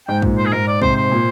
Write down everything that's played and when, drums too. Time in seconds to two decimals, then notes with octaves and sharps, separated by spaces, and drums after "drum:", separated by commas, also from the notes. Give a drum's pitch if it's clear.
0.08 G#2 G5
0.22 A#2, drum: kick
0.38 C5
0.46 G#4
0.53 G#2 A#4
0.68 D5
0.82 C3 C5, drum: kick
0.96 C5
1.11 A#2